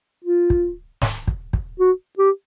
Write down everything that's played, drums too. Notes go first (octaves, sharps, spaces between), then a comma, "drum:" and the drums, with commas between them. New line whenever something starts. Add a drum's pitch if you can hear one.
F4
drum: kick
drum: snare
drum: kick
drum: kick
F#4
G4